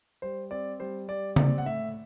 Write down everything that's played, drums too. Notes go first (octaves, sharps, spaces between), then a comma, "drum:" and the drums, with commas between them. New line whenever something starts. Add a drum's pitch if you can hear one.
G3 C5
C4 D5
G3 C5
G3 D5
C4 D5, drum: tom C#3
F#5
A2 E5